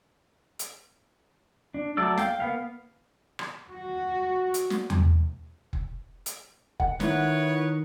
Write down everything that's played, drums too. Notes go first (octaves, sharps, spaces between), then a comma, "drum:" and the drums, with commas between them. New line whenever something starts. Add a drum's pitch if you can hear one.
drum: hi-hat
D4
F#3 A3 D5 E6
F5 G5, drum: snare
A#3 B3 F5
drum: rim click
F#4
drum: hi-hat
drum: snare
drum: tom E2
drum: kick
drum: hi-hat
F#5, drum: kick
D#3 E4 B4 C#5, drum: snare